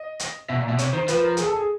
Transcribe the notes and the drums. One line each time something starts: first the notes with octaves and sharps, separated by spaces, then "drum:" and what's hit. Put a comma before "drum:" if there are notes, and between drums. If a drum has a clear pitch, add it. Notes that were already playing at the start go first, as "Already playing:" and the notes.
Already playing: D#5
drum: hi-hat
B2 E5
A#2
B2 E5
C3 C#5, drum: hi-hat
D#3 C5
F3 B4, drum: hi-hat
A#4
G#4, drum: hi-hat
A4
G#4